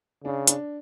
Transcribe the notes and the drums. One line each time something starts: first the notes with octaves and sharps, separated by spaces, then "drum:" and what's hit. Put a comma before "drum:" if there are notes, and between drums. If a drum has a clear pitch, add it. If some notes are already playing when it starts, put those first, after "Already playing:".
C#3 D4
D4, drum: hi-hat